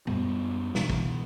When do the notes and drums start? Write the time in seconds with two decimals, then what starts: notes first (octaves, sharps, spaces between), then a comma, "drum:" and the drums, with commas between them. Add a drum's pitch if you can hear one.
0.07 F#2 G3 B3, drum: tom A#2
0.75 B2 E3, drum: snare
0.90 drum: kick